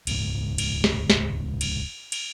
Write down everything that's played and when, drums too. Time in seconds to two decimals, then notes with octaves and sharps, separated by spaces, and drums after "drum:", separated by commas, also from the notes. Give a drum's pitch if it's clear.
0.07 D#1 C#2 G#2, drum: cymbal
0.58 drum: cymbal
0.84 drum: snare
1.10 drum: snare
1.61 drum: cymbal
2.12 drum: cymbal